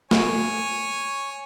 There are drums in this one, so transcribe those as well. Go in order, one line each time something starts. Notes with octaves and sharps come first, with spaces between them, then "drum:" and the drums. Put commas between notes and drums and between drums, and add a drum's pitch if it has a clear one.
C#5 G#5, drum: snare